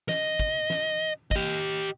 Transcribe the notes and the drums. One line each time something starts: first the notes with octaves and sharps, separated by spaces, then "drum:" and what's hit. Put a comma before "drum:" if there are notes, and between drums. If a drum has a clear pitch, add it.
D#5, drum: snare
drum: kick
drum: snare
G4 D#5, drum: kick